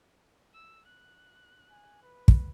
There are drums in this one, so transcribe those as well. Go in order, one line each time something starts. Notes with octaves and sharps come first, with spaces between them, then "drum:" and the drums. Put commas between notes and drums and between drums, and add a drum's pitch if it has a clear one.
E6
F#6
G#5
B4
drum: kick